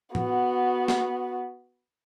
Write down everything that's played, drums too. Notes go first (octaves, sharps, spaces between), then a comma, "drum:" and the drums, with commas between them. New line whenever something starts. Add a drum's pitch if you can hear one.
B3 F#4, drum: tom A2
drum: snare B3